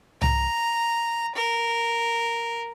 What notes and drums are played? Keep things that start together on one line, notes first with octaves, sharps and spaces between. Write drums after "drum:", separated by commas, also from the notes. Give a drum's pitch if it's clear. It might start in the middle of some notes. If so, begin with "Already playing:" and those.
A#5, drum: tom C2
A#4